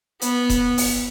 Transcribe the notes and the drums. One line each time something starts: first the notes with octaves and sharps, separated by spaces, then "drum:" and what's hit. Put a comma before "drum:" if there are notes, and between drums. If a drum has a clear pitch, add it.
B3, drum: hi-hat
drum: kick D#1, hi-hat
drum: open hi-hat